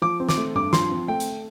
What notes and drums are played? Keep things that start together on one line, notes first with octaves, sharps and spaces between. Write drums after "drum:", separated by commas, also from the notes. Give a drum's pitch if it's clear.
F3 D6
C4
D6, drum: snare
A3
G2 D6
F3 C6, drum: snare
C4
A3 G5
drum: hi-hat